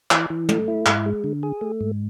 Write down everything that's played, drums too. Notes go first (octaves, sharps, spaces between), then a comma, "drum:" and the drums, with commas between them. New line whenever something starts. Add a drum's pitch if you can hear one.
E3, drum: clap
E3
A3, drum: tom
E4
G#2, drum: clap
G#3
D3
G#4
A3
G#2